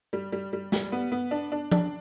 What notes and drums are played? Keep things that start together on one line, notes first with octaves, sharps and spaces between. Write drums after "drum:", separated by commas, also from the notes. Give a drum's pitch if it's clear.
G3
G3
G3
G3, drum: snare
B3
B3
D4
D4
D4, drum: tom F3